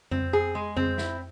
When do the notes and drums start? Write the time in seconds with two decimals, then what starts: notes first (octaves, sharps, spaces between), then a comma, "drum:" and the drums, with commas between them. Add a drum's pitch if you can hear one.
0.11 C4, drum: tom F2
0.33 G#4
0.55 G#3
0.77 C4, drum: tom F2
0.98 E4, drum: snare